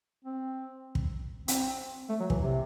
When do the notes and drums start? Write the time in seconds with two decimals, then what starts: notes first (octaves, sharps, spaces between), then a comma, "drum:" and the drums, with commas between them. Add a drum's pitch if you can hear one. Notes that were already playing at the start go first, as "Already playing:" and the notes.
0.25 C4
0.95 drum: kick
1.48 C4, drum: hi-hat
2.09 A3
2.20 F#3
2.30 E3, drum: kick
2.40 C3